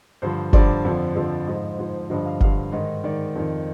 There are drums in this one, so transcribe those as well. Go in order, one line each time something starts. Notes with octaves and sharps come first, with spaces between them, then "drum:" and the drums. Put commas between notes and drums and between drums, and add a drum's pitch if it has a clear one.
G2 D3 F3 C5
G2 D3 F3 D5, drum: kick
F2 D3 F3
F2 D3 F3
G#2 F3 D#5
G#2 F3
G2 D3 F3 D#5
F5
G2 D3 F3 F5, drum: kick
G#2 D#3 D#5
G#2 D#3 D5
F2 D#3